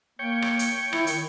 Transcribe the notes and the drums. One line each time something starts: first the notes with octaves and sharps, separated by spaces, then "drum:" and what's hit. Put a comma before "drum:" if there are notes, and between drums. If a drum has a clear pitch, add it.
A#3 C#5 G5
drum: rim click
drum: hi-hat
E4, drum: rim click
D#3, drum: hi-hat